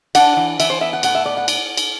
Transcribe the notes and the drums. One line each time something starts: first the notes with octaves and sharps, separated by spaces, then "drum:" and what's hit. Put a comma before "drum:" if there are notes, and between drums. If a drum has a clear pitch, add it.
D4 F#5, drum: cymbal
E3
E3 E5, drum: cymbal
C5
B3 E5
F#5
A2 F#5, drum: cymbal
E5
B3 D5
F#5
drum: cymbal
drum: cymbal